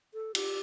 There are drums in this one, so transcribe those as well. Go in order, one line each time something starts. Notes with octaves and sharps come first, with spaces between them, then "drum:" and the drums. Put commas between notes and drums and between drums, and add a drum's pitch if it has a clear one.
A4
G4, drum: cymbal